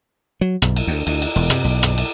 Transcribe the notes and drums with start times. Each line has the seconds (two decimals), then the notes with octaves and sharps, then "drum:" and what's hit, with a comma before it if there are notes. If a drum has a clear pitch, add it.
0.41 F#3
0.62 B1, drum: rim click
0.76 drum: cymbal
0.87 D2
1.07 D2, drum: cymbal
1.22 drum: cymbal
1.36 E1, drum: cymbal
1.50 C3, drum: rim click
1.64 B1
1.83 drum: rim click
1.98 drum: cymbal